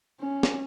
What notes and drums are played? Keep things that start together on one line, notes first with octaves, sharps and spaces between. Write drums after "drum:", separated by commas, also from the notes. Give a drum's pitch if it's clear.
C#4
drum: snare